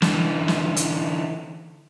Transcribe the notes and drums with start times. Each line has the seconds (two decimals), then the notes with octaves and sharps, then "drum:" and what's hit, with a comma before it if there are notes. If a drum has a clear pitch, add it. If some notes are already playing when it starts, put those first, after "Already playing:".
0.02 D3 E3, drum: snare
0.48 drum: snare
0.76 drum: hi-hat